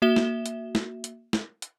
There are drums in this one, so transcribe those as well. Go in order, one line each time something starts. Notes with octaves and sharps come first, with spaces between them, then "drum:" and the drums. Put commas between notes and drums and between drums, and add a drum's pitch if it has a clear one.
A#3 F#4 E5 E7 G7
drum: snare
drum: hi-hat
drum: snare
drum: hi-hat
drum: snare
drum: hi-hat